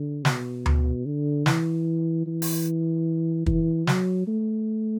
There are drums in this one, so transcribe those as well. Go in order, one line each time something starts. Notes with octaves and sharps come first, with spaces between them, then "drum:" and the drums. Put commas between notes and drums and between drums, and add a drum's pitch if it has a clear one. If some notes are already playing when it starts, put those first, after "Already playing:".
Already playing: D3
B2, drum: snare
drum: tom D2
D3
E3, drum: snare
E3
drum: open hi-hat
E3, drum: kick
F#3, drum: snare
A3